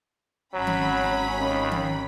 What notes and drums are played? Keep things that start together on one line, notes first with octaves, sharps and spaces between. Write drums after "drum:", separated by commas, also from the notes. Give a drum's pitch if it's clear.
G#1 F#3 C#4 B5
drum: tom D#3
D#2
drum: tom D#3